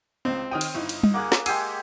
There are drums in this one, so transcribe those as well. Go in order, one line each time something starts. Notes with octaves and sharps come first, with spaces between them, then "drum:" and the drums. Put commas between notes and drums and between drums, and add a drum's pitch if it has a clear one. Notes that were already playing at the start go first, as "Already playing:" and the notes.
C#2 C4 D#5
D#3 C#5 G5 D#6 F6 D#7
drum: cymbal
G1 D#4 E4
drum: cymbal
drum: tom G3
A#3 G#4 F#5 D6 F#6
drum: snare
G#3 G4 G#4 F#5 E6 C7 D#7, drum: cymbal